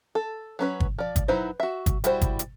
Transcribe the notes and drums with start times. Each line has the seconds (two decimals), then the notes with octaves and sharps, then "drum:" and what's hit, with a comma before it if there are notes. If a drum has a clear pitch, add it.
0.15 A4
0.59 F#3 C#4 B4
0.80 drum: kick G1
0.98 F3 D5
1.16 drum: kick G1, hi-hat
1.28 F#3 D#4 E4 B4 C5
1.60 F#4 E5
1.86 drum: kick G1, hi-hat
2.04 G3 E4 F#4 C5, drum: hi-hat
2.21 drum: kick G1, hi-hat
2.39 drum: hi-hat